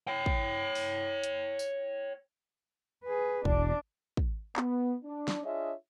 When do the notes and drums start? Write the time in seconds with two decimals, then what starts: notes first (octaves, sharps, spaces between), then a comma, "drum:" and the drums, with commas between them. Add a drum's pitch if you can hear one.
0.07 C#5 G5
0.26 drum: kick
0.75 drum: open hi-hat
1.24 drum: hi-hat
1.59 drum: tambourine
3.05 G#4 B4
3.45 E1 D4 D5, drum: kick
4.17 drum: kick
4.56 B3, drum: clap
5.04 D4
5.28 drum: snare
5.43 D4 F4 G#4 C#5 D#5 E5